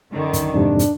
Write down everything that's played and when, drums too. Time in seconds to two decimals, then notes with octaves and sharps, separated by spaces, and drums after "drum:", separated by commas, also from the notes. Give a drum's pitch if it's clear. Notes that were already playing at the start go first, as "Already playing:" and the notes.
0.11 F#2 D3 D#3
0.33 drum: kick, hi-hat
0.53 F2 G#2 C3 D4
0.79 drum: hi-hat